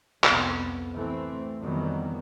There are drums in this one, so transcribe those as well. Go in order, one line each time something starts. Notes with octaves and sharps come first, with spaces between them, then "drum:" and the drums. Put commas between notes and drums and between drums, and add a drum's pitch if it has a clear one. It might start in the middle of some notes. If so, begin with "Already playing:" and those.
C2 F2 B3, drum: clap
E3 A3 C4
F2 D#3 E3 F#3 G3 B3